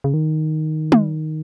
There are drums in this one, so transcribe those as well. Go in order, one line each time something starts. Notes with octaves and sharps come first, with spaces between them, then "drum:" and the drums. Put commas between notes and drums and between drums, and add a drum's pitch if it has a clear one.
C#3
D#3
drum: tom